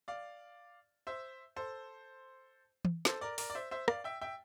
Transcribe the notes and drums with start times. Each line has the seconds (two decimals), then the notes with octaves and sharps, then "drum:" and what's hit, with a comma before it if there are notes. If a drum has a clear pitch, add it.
0.08 D5 F5
1.07 C5 E5
1.56 A4 C5
2.85 drum: tom E3
3.05 A4 C5, drum: snare
3.21 A#4 D5
3.38 A#4 D5, drum: open hi-hat
3.50 D5
3.55 C5 E5
3.71 C5 E5
3.88 D5 F5, drum: rim click
4.04 E5 G5
4.21 E5 G5